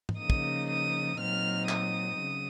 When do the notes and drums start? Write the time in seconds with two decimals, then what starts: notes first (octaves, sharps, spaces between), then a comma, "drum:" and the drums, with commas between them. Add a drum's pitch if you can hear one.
0.09 drum: tom
0.19 C#3 F3 A#3 D#4 D#6
0.30 drum: kick
0.69 D#6
1.19 A#2 F#3 C4 D#4 F6
1.69 D#6, drum: clap
2.19 C#3 F#3